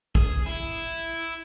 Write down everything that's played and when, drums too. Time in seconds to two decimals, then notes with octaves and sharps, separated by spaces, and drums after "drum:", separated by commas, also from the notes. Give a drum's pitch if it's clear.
0.15 G#4, drum: kick
0.46 E4